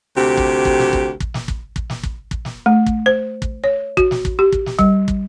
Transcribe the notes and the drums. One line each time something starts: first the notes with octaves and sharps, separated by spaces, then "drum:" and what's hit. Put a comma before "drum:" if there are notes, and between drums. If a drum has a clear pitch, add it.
D2 C3 G4
drum: kick
drum: kick
drum: snare
drum: kick
drum: kick
drum: snare
drum: kick
drum: kick
drum: snare
drum: kick
drum: kick
drum: snare
A3
drum: kick
C5
drum: kick
C#5
F#4, drum: kick
drum: snare
drum: kick
G4
drum: kick
drum: snare
G3, drum: kick
drum: kick